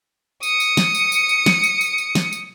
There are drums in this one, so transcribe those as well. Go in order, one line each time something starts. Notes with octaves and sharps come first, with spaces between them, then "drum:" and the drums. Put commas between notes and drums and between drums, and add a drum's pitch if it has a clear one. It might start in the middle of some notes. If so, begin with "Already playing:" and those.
D#6 C#7, drum: tambourine
drum: tambourine
drum: snare
drum: tambourine
drum: tambourine
drum: tambourine
drum: snare
drum: tambourine
drum: tambourine
drum: tambourine
drum: snare
drum: tambourine